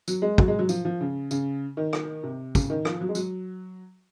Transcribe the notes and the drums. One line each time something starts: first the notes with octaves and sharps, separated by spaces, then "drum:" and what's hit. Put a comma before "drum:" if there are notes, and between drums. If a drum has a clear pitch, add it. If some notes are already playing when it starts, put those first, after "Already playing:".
F#3, drum: tambourine
G#3
F#3, drum: kick
G#3
F#3
F3, drum: tambourine
F3
C#3
C#3, drum: tambourine
D#3
drum: rim click
C3
C#3, drum: kick, tambourine
D#3
F3, drum: rim click
F#3
G#3
F#3, drum: tambourine